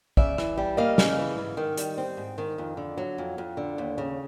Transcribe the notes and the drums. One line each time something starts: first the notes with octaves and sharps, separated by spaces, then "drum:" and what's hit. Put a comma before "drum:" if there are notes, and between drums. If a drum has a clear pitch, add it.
C#3 D5 E5, drum: kick
E3, drum: rim click
G3
A#3 D#5 F5
C#3, drum: snare
E3
G#2
D#3
G3, drum: hi-hat
C4
G#2
D#3
F2
D3
F#3
F2
F2
D3
D#2
C#3